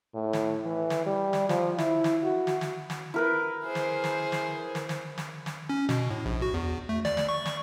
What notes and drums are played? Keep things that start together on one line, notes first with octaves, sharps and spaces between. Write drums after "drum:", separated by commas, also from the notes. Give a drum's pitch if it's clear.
A2
drum: snare
E3
drum: snare
G3
drum: snare
F3, drum: snare
E4, drum: snare
drum: snare
F#4
drum: snare
drum: snare
drum: snare
E4 A#4 B4
G#4 C5
drum: snare
drum: snare
drum: snare
drum: snare
drum: snare
drum: snare
drum: snare
C#4
B2, drum: snare
A2
A#1
F#4
E2
A3
D5, drum: snare
drum: snare
C#6
drum: snare